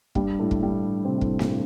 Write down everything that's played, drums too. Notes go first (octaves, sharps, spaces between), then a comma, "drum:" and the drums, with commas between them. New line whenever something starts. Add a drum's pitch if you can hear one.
G2 G3, drum: kick
A2 A3
drum: kick
G2 G3
C3 C4
G3
A2 A3, drum: kick
G2 G3, drum: snare